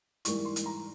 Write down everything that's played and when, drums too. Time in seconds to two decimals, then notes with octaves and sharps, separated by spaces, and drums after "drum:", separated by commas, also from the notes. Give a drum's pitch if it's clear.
0.25 G#2 E3 G3 A#3 E4 C#6, drum: hi-hat
0.45 C6
0.56 drum: hi-hat
0.66 A#5